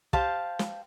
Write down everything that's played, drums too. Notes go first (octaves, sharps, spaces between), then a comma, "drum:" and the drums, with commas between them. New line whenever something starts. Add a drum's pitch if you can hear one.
G4 C5 F5 A5, drum: kick
drum: snare